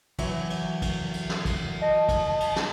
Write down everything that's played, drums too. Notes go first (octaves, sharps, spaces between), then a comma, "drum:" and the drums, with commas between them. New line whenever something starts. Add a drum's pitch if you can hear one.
E3 F#3 C#5, drum: kick, cymbal
drum: cymbal
drum: kick, cymbal
drum: cymbal
drum: snare
drum: kick, cymbal
D#5 A5
drum: kick, cymbal
drum: cymbal
drum: snare